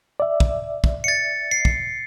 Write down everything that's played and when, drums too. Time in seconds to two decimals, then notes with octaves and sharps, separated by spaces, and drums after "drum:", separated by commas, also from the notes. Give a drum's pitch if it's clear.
0.20 D5 E5
0.40 drum: kick
0.84 drum: kick
1.04 A6 C#7
1.51 C7
1.65 drum: kick